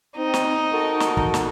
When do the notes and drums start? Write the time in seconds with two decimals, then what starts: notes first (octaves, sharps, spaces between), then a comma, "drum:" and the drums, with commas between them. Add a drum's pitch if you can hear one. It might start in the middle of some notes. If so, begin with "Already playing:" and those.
0.17 C4 D#4
0.34 drum: snare
0.73 F#4 A4 A#4
1.00 drum: snare
1.17 drum: kick
1.34 drum: snare